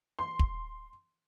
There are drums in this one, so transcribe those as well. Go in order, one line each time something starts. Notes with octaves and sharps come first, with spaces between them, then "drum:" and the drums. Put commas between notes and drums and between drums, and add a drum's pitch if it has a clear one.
C6
drum: kick